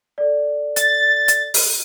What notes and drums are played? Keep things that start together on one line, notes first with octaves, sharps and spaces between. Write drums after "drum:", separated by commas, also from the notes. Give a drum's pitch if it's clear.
A4 D5
A6, drum: hi-hat
drum: hi-hat
drum: open hi-hat